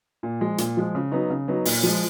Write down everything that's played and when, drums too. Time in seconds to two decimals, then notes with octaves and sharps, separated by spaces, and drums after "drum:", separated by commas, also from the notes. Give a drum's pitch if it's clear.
0.23 A#2
0.41 F3 G#3
0.58 A#2, drum: hi-hat
0.77 F3 G#3
0.95 C#3
1.12 F#3 B3 D#4
1.30 C#3
1.48 F#3 B3 D#4
1.65 A#2, drum: open hi-hat
1.83 F3
1.88 G#3